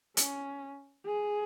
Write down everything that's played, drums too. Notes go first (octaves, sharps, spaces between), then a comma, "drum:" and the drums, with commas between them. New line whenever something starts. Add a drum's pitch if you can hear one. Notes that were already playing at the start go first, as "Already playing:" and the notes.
C#4, drum: hi-hat
G#4